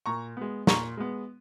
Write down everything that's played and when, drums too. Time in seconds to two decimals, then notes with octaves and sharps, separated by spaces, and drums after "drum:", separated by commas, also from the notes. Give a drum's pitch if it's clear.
0.06 A#2 A#5 C#6
0.37 G#3 B3
0.67 A#2 A#5 C#6, drum: snare
0.97 G#3 B3